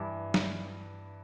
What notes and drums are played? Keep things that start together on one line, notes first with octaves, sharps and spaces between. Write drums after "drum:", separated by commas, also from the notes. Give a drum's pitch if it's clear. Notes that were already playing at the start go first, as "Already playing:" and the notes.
Already playing: G2 E3
drum: snare